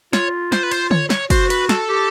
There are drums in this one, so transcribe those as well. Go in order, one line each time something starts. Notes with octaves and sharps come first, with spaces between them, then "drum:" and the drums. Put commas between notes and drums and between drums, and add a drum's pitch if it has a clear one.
F4 C#5, drum: snare
C5, drum: snare
B4
C5, drum: cymbal
C#5, drum: tom D3
C#5, drum: snare
F#4 C5, drum: kick, cymbal
B4, drum: cymbal
A4, drum: snare
G4